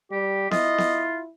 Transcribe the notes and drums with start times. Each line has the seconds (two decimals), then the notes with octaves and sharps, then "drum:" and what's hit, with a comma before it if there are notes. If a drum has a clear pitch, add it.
0.11 G3 G4
0.51 E4 F4 D#5, drum: snare B3
0.78 drum: snare B3